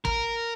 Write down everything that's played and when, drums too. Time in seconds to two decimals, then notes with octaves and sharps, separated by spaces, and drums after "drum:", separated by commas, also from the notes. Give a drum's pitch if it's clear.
0.05 A#4, drum: kick